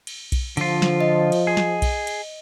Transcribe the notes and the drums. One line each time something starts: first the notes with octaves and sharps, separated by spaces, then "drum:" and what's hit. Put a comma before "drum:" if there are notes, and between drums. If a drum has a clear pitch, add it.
drum: cymbal
drum: kick B1, cymbal
D3 F3 F4, drum: cymbal
drum: snare
D#5
drum: cymbal
G#4
drum: snare
drum: kick B1, cymbal
drum: cymbal